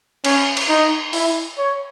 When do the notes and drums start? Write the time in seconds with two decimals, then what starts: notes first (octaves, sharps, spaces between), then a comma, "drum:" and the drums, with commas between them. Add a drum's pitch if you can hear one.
0.24 C#4, drum: cymbal
0.57 drum: cymbal
0.69 D#4
1.13 E4, drum: open hi-hat
1.58 C#5